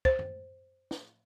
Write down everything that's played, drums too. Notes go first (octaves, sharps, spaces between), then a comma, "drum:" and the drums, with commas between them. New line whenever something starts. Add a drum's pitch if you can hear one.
C5, drum: kick
drum: tom F#2
drum: snare